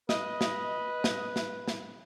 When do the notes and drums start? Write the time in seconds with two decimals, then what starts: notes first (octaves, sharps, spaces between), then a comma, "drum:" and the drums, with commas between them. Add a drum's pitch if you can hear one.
0.09 B4 D#5, drum: snare
0.41 drum: snare
1.04 drum: snare
1.36 drum: snare
1.68 drum: snare